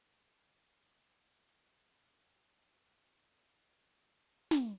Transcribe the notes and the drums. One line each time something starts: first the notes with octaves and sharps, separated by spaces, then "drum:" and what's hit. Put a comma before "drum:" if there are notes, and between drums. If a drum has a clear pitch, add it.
G#2 F3 A#3
B2 A#3
A#2 F3 G#3 B3
A#2 F3 B3
drum: snare